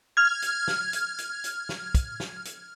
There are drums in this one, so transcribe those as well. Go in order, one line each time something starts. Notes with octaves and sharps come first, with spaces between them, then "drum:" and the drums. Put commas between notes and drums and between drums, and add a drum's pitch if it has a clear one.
F6 G#6
drum: hi-hat
drum: snare
drum: hi-hat
drum: hi-hat
drum: hi-hat
drum: snare
drum: kick, hi-hat
drum: snare
drum: hi-hat